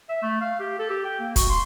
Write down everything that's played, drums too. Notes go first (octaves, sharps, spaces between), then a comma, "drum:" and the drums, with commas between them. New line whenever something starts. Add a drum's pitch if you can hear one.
E5
A3
F5
G4
A4
G4
G5
A#3
F#4, drum: kick, hi-hat
C6